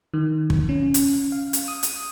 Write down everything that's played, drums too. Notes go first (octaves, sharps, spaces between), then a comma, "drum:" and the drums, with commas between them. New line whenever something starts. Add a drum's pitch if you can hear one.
D#3
drum: kick
C#4
drum: hi-hat
F5
drum: hi-hat
D#6
drum: hi-hat